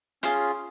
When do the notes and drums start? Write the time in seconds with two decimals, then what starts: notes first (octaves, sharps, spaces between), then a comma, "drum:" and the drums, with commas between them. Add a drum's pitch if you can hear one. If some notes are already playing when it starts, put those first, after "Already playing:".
0.23 C#4 F4 G#4 C6, drum: hi-hat